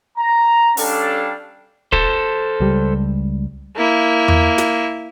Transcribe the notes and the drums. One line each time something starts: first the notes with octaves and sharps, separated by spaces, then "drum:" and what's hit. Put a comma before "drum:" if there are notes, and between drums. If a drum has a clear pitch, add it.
A#5
G3 C#4 D4 A4 F5, drum: open hi-hat
A4 C5, drum: kick
C#2 G3
A#3 E4
drum: tom E2
drum: snare